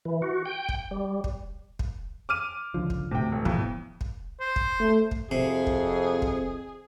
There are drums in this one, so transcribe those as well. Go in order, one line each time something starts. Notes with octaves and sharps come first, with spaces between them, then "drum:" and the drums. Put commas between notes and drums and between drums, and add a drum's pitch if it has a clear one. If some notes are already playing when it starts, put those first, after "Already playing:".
E3
F#4
G5
drum: kick
G3
drum: kick
drum: kick
D6 F6 D#7
C#2 D3 F3
drum: kick
D2 A2 C3 G5
E1
F2 G#2 B2 E3, drum: kick
drum: kick
C5
drum: kick
A3
drum: kick
F2 C3 G#4 C5
drum: kick
drum: kick